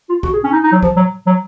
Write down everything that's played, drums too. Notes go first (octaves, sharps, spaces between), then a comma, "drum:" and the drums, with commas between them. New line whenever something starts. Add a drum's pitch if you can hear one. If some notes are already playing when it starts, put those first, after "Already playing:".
F4
F#4, drum: kick
G#4
C#4
D#4
D#4
F#3
F3, drum: kick
F#3
F#3